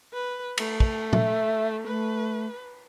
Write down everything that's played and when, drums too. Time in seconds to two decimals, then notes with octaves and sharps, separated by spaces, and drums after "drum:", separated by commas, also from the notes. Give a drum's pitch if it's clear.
0.13 B4
0.58 A3, drum: cymbal
0.80 drum: kick
1.13 E5, drum: tom
1.87 A3 B4